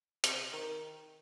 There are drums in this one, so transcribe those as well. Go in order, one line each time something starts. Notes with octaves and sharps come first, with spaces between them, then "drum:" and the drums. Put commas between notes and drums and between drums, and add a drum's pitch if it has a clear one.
C3, drum: hi-hat
D#3